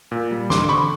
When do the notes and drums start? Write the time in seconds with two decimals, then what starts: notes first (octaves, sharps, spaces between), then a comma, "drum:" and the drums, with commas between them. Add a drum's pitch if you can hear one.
0.11 A#2
0.31 G3
0.50 D3 C6 D6, drum: snare
0.69 C4 B5 C#6